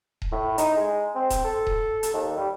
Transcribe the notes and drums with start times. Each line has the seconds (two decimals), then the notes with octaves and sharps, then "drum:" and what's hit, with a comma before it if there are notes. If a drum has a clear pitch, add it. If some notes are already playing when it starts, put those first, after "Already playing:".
0.22 drum: kick D#1
0.32 A2
0.58 D#4, drum: hi-hat
0.77 G#3
1.15 C4
1.30 drum: kick D#1, hi-hat
1.45 A4
1.67 drum: kick D#1
2.03 drum: hi-hat
2.14 D#2
2.37 G3